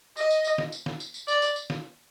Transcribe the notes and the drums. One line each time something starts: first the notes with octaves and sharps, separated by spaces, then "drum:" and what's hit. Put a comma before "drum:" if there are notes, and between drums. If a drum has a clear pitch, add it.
D#5, drum: tambourine
drum: tambourine
drum: tambourine
drum: snare
drum: tambourine
drum: snare
drum: tambourine
drum: tambourine
D5, drum: tambourine
drum: tambourine
drum: tambourine
drum: snare